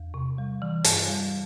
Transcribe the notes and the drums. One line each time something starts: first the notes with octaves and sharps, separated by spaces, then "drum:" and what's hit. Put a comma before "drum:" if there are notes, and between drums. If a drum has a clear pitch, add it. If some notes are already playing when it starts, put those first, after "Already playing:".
Already playing: E2
C3
G3
E3
G2 A5, drum: hi-hat
G3